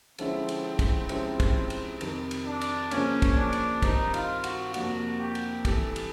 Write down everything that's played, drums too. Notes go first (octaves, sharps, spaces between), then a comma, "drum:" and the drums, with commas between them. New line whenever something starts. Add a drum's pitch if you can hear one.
D3 F3 G#3 C4 C#4 E4, drum: cymbal
drum: cymbal
drum: kick, cymbal
C3 F3 G#3 C#4 E4, drum: cymbal
drum: kick, cymbal
drum: cymbal
F2 C3 D#3, drum: cymbal
drum: cymbal
D4
drum: cymbal
C#3 F3 A#3 C#4, drum: cymbal
drum: kick, cymbal
D4
drum: cymbal
G2 D#3 G3 C4 D#4, drum: kick, cymbal
F4, drum: cymbal
F#4, drum: cymbal
F2 C3 F3 A#3 D4 F#4, drum: cymbal
G4
drum: cymbal
C3 E3 G3 A4, drum: kick, cymbal
drum: cymbal